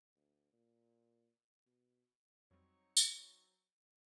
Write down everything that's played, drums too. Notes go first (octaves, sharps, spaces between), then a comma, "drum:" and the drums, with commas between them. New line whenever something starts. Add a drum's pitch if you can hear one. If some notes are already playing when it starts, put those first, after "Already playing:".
D2
A#2
B2
F2 F#3 G3 C4 D#4 C#5 C#6
drum: tambourine